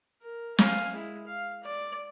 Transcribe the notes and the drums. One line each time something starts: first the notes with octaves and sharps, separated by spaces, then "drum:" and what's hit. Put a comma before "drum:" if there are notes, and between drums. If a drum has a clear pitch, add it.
A#4
F5 G#5, drum: snare
G#3 E4
F5
D5